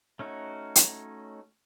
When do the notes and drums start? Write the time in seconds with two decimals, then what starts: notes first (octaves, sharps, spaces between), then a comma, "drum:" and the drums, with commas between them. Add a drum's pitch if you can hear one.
0.19 A3 C#4 D#4 F#4
0.75 drum: hi-hat